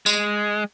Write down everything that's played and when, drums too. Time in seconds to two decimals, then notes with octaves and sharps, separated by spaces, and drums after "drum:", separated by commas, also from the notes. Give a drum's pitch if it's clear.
0.06 G#3, drum: tambourine